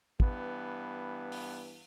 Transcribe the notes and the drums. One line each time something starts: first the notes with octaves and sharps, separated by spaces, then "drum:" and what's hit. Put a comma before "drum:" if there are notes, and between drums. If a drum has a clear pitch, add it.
G2 E3 B3, drum: kick
drum: open hi-hat